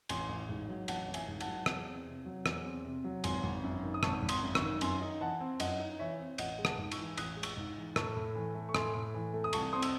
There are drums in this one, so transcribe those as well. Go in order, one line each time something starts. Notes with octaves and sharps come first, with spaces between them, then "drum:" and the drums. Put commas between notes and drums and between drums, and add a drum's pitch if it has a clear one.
A1 G#5 C6, drum: cymbal
A1
G#2
F#3
A1 F#5 A5, drum: cymbal
A1
E5 G#5, drum: cymbal
G#2
F#5 A5, drum: cymbal
F#3
E2, drum: rim click
C4
C3
F#3
E2, drum: rim click
C4
C3
F#3
G#1 G#5 C6, drum: cymbal
G#1
F#2
D#3
D#6
G#1 A5 C#6, drum: rim click
G#1
C6 D#6, drum: cymbal
F#2
C#6 E6, drum: rim click
D#3
F#2 G#5 C6, drum: cymbal
D#4
E3 F#5 A5
C4
F#2 D#5 F#5, drum: cymbal
D#4
E3 C#5 E5
C4
A1 D#5 F#5, drum: cymbal
G#3
F#5 A5, drum: rim click
G#2
C#6 E6, drum: cymbal
E3
A1 D#6 F#6, drum: cymbal
G#3
C#6 E6, drum: cymbal
G#2
E3
A2 A5 C#6, drum: rim click
A2
E3
A3
C#6
A2 G#5 C6, drum: rim click
A2
E3
A3
D#6
C2 A5 C#6, drum: cymbal
C4 C6 D#6
E6, drum: cymbal